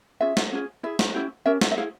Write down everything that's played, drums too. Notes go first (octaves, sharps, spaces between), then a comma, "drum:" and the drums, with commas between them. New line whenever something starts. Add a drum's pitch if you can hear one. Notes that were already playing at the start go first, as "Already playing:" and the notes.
C#4 F4 G#4 E5
drum: snare
C#4 F4 G#4
E4 G#4 E5
drum: snare
C#4 E4 G4
C#4 G4 A#4 E5
E5, drum: snare
E5
E4 G#4 F5